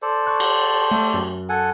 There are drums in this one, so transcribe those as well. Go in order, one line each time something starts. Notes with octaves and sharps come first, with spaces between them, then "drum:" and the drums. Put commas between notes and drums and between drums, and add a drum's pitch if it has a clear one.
A4 C5 D5
C#6 F#6
drum: cymbal
A3
F#2
A4 F#5 G#5